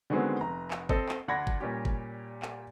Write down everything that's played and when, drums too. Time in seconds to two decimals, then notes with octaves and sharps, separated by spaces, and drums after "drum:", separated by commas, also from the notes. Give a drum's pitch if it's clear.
0.10 D3 D#3 F#3 G#3 B3 C4
0.40 F1 A#5
0.71 drum: clap
0.89 C4 A4 D#5, drum: kick G1
1.09 drum: clap
1.28 D2 D4 F#5 B5 G#6 A#6
1.47 drum: kick G1
1.60 A#2 G3 C#4 G4
1.85 drum: kick G1
2.42 drum: clap